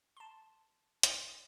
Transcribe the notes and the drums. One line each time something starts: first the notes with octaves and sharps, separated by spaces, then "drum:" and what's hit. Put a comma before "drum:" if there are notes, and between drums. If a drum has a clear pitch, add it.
A5 C6
drum: hi-hat